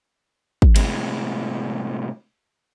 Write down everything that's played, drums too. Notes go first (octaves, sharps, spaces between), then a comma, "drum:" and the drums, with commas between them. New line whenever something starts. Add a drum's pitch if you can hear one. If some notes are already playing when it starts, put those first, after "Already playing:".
drum: kick
A2 C3 G#3, drum: cymbal